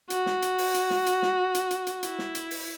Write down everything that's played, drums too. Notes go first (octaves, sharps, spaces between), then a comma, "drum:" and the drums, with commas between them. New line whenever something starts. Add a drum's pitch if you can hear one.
F#4, drum: hi-hat
drum: snare
drum: hi-hat
drum: open hi-hat
drum: hi-hat
drum: snare
drum: hi-hat
drum: snare
drum: hi-hat
drum: hi-hat
drum: hi-hat
E4, drum: hi-hat
drum: snare
drum: hi-hat
drum: open hi-hat